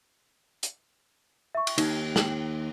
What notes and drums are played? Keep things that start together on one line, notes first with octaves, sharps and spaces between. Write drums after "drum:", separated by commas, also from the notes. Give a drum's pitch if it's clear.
drum: hi-hat
E5 C#6
drum: cymbal
D#2 D#4, drum: cymbal
G5 F#7, drum: snare